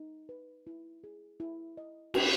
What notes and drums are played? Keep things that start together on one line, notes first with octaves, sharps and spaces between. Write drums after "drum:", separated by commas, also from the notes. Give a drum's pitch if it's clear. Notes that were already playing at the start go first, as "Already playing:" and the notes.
Already playing: D#4
B4
E4
G#4
E4
D#5
F#4, drum: cymbal